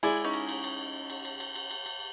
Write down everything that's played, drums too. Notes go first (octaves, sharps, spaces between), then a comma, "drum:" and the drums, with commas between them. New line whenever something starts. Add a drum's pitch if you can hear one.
G#3 E4 D5 G#5, drum: cymbal
C#4 D#4
drum: cymbal
drum: cymbal
drum: cymbal
drum: cymbal
drum: cymbal
drum: cymbal
drum: cymbal
drum: cymbal
drum: cymbal